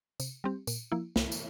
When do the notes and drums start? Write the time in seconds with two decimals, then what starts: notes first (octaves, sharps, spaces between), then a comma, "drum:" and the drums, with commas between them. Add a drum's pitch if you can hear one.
0.20 C3, drum: tambourine
0.44 G3 C4 G4
0.67 A#2, drum: tambourine
0.92 F3 A#3 E4
1.16 C2, drum: snare
1.32 drum: tambourine